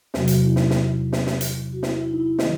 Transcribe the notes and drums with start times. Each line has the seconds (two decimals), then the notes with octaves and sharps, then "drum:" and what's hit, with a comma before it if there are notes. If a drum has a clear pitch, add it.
0.14 E2 C3 F#3 F#4, drum: snare
0.28 F#4, drum: hi-hat
0.43 E4
0.56 D#4, drum: snare
0.70 drum: snare
1.13 drum: snare
1.27 drum: snare
1.41 drum: hi-hat
1.73 F#4
1.83 E4, drum: snare
2.02 E4
2.11 D#4
2.20 E4
2.39 D#3 F#3 D#5, drum: snare